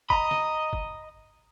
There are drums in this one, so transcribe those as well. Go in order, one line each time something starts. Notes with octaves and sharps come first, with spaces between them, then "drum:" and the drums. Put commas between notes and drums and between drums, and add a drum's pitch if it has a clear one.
D#5 A#5 B5, drum: kick
drum: snare
drum: kick